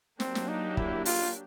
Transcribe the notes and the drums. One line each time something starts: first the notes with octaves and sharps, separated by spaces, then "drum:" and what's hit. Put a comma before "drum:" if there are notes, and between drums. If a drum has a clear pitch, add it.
F#3 A#3 C4 D4 G4, drum: snare
drum: snare
D#4
E4, drum: kick
F4, drum: open hi-hat